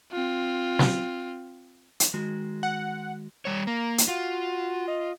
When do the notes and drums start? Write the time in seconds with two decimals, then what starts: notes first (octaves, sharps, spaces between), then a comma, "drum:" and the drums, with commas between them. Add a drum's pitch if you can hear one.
0.12 C4 F4
0.79 drum: snare
2.00 drum: hi-hat
2.14 D#3 G#3 F#4
2.63 F#5
3.45 G3 C#5
3.67 A#3 A#5
3.98 drum: hi-hat
4.08 F4 F#4
4.88 D#5